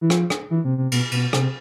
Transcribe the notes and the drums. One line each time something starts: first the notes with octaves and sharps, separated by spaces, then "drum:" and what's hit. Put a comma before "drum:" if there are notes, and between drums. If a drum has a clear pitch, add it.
E3
F3, drum: rim click
drum: rim click
E3
C3
C3
B2, drum: cymbal
B2, drum: cymbal
C3, drum: rim click